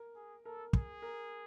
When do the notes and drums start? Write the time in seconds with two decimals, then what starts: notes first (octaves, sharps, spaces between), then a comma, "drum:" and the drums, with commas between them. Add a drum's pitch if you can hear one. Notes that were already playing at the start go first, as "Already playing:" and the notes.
Already playing: A#4
0.16 G#4
0.45 A4 A#4
0.73 G#4, drum: kick
1.02 A#4